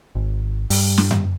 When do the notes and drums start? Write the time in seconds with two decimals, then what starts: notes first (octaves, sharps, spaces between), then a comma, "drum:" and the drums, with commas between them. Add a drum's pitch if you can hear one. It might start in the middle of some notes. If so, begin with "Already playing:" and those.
0.15 G#1
0.70 G2, drum: open hi-hat
0.98 drum: snare
1.11 drum: tom F#2